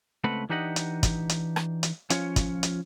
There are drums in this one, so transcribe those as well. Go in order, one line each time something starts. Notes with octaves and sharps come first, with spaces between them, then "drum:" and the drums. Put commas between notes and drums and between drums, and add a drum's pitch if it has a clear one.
C#2 A3 C4 B4 F#5 B5
E3 D4 D#4 G4 D#5 F#5
drum: hi-hat
drum: kick, hi-hat
drum: hi-hat
drum: rim click
drum: hi-hat
F3 C#4 F4 C#5, drum: hi-hat
drum: kick, hi-hat
drum: hi-hat